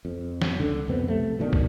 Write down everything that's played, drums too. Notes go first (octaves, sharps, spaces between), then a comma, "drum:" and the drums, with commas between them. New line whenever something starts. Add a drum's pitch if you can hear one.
F2
drum: snare
C#2 D3
F2 C3 B3 C4
B1 C3 A3
B2 D#3 G#3 D4
drum: kick